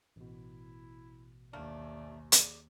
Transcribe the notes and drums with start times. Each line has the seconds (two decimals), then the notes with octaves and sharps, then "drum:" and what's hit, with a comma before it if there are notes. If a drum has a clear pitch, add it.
0.16 A1 B2 E4
1.53 D#2 A3 A#3 D4 D5
2.32 G#4 D5, drum: hi-hat